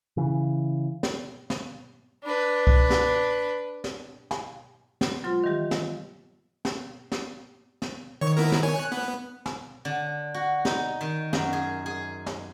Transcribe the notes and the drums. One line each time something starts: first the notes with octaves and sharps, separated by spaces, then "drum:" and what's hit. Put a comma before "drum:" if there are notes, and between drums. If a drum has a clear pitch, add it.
C#3 E3
drum: snare
drum: snare
D4 B4
drum: kick C2
drum: snare
drum: snare
drum: snare
drum: snare
F#3 G#3 F4 C5 C6 F6
D#3 E3 G3 G4
drum: snare
drum: snare
drum: snare
drum: snare
D#3 C#5 C#6
B3 E4 A#4
drum: snare
C#5 G#5
F#6
B3
drum: snare
D3
F#4
D#4, drum: snare
D#3
F#2, drum: snare
G#4
G#4
drum: snare